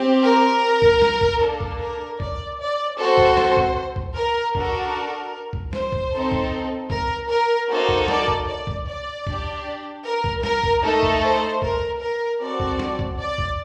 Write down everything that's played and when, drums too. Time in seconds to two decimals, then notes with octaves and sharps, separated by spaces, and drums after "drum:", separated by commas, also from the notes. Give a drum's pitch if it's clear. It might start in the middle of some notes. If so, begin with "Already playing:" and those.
Already playing: C4 G4
0.23 A#4
0.82 drum: kick
1.02 drum: snare
1.21 drum: kick
1.41 A#3 D4 A4
1.61 drum: kick
1.80 A#4
2.20 D5, drum: kick
2.59 D5
2.98 C4 F#4 A4 C5
3.18 drum: kick
3.37 drum: snare
3.57 drum: kick
3.96 drum: kick
4.15 A#4
4.55 D4 F#4 A4 A#4, drum: kick
5.53 drum: kick
5.73 C5, drum: snare
5.92 drum: kick
6.12 C4 D#4 A4
6.32 drum: kick
6.90 A#4, drum: kick
7.29 A#4
7.69 A#3 D#4 F#4 A4 C5
7.89 drum: kick
8.08 D5, drum: snare
8.28 drum: kick
8.47 D5
8.67 drum: kick
8.86 D5
9.27 D4 G4, drum: kick
10.05 A#4
10.24 drum: kick
10.43 A#4, drum: snare
10.63 drum: kick
10.83 A3 D#4 A4
11.03 drum: kick
11.22 C5
11.62 A#4, drum: kick
12.01 A#4
12.40 C4 F#4 A4 D5
12.60 drum: kick
12.79 drum: snare
12.99 drum: kick
13.19 D5
13.38 drum: kick